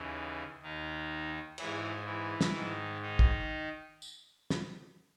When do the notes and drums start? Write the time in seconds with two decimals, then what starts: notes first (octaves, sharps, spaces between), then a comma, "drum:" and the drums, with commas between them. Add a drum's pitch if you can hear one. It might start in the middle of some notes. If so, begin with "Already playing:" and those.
Already playing: D#2 C#3 E3
0.62 D#2 D#3 D#4
1.58 G#2 E3 E4, drum: cymbal
2.06 E3 E4
2.41 drum: snare
2.54 G#2 D#3
3.02 D#3 D#4
3.19 drum: kick
4.02 drum: tambourine
4.50 drum: snare